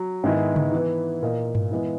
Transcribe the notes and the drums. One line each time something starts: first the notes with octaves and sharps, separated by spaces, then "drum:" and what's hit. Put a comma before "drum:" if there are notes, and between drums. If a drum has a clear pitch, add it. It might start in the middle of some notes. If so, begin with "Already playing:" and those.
Already playing: F#3
G#2 D#3 G#3 B3 E4
drum: tom C#3
E3 B3 E4 B4
A#2 A#3 E4 A#4 D#5
drum: tom G2
E3 G#3 B3 E4